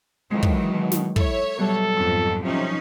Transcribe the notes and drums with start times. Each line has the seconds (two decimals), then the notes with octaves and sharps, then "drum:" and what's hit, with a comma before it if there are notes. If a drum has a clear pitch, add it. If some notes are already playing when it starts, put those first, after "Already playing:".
0.31 F2 D#3 E3 F#3 G#3
0.43 drum: kick
0.68 B2
0.92 drum: snare
1.16 E4 A4 C#5 E5, drum: kick
1.58 B2 F#3 G3 A4
1.96 F2 G#2 B2 A5 E6
2.44 C3 F3 C#4 D#4